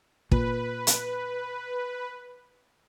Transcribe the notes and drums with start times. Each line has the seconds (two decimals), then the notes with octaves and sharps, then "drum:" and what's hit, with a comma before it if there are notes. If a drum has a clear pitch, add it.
0.31 A#2 B4, drum: kick
0.87 drum: hi-hat